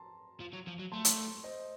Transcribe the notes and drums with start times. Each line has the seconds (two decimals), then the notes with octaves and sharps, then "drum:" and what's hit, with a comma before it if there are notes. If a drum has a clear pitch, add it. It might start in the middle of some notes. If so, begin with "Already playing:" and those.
Already playing: A5 A#5 C6
0.40 F3
0.53 F#3
0.67 F3
0.79 F#3
0.92 A3 A5 C6
1.05 drum: hi-hat
1.44 C5 D#5